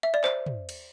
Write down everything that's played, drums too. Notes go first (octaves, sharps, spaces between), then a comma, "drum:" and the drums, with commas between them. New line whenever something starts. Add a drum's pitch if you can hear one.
E5
D5
C5, drum: clap
drum: tom
drum: cymbal